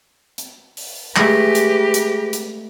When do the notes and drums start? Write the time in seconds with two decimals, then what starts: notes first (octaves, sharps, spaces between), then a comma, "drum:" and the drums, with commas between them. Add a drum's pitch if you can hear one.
0.38 drum: hi-hat
0.77 drum: open hi-hat
1.16 G#3 A3 G4 G#4 B4 A#6, drum: clap
1.55 drum: hi-hat
1.94 drum: hi-hat
2.33 drum: hi-hat